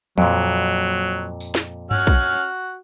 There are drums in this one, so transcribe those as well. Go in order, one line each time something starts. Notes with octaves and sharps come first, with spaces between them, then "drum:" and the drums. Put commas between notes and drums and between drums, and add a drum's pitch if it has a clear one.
F2 A#2 F#3, drum: tom
drum: tambourine
drum: snare
C#4 F#4 F#5 F6, drum: tom G2
drum: kick A#1